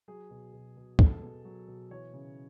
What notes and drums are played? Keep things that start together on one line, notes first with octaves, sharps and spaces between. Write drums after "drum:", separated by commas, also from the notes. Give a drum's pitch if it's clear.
F#3 G#4
B2
B2
B2
B2 A4, drum: kick
B2
F#3
B2
E3 C#5
C#3